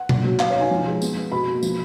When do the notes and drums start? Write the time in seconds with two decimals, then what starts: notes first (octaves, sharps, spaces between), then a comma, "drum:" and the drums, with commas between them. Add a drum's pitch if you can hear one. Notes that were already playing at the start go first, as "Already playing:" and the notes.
Already playing: F#5
0.09 A#2, drum: tom B2
0.24 F#3
0.40 B2 F5, drum: clap
0.50 D#4 C#5
0.60 G#5
0.71 F3
0.86 G#3
1.02 B3, drum: tambourine
1.17 B3
1.32 B2 B5
1.47 A#3
1.63 F3, drum: tambourine